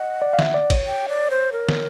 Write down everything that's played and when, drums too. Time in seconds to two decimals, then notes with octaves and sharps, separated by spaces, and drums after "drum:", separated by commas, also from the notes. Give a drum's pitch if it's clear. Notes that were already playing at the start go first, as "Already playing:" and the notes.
Already playing: D#5 F#5
0.22 D5
0.33 F5
0.39 E5, drum: snare
0.54 D5
0.70 C#5, drum: kick, cymbal
0.87 G5
1.09 D5
1.30 C5
1.52 A#4
1.69 drum: snare